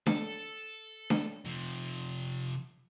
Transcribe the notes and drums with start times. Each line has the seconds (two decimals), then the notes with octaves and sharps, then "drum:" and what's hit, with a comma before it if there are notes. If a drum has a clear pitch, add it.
0.06 A4, drum: snare D4
1.10 drum: snare D4
1.45 C3 F3